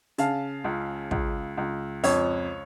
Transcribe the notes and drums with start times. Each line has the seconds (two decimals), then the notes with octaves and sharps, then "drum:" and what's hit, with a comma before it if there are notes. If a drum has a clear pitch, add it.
0.18 C#3 F5 A5, drum: hi-hat
0.64 C#2
1.11 C#2, drum: kick
1.57 C#2
2.04 F2 C#5, drum: open hi-hat